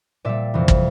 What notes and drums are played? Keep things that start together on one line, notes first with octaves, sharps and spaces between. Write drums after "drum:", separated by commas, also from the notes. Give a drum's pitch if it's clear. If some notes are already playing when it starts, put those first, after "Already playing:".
A#2 G3 D5 E5
F2 C3 E3
drum: kick